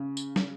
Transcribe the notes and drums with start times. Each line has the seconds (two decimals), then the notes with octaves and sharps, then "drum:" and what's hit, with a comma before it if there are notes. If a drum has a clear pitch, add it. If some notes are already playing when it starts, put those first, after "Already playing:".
Already playing: C#3
0.17 drum: tambourine
0.36 drum: snare